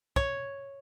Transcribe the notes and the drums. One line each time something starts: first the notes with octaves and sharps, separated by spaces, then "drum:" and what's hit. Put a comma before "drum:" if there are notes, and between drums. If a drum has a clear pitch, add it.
C#5, drum: kick